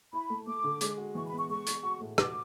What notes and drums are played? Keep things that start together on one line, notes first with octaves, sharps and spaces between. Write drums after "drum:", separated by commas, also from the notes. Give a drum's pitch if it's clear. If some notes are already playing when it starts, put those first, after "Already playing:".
E4 B5
A3
A3 D6
D3
G#3, drum: hi-hat
F#4
E3 C#6
B5
B3
C#6
G#3 C#6
G#3, drum: hi-hat
F#4
A2
F#4 D6, drum: rim click